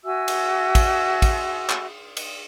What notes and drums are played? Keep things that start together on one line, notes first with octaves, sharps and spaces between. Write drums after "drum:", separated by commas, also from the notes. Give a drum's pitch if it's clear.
F#4 E5 G#5 E6
drum: cymbal
drum: kick, cymbal
drum: kick, cymbal
drum: clap
drum: cymbal